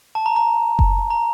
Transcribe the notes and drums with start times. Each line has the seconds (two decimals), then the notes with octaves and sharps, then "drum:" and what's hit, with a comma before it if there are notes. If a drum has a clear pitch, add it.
0.15 A5
0.26 A#5
0.36 A#5
0.79 drum: kick F#1
1.10 A#5